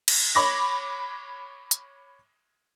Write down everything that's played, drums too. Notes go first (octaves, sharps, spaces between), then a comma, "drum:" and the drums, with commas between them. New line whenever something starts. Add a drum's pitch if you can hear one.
drum: cymbal
C#5 B5 D6 A#6
drum: hi-hat